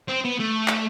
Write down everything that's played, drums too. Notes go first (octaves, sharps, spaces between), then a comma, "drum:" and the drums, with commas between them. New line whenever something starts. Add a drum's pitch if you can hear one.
C4
B3
A3
drum: clap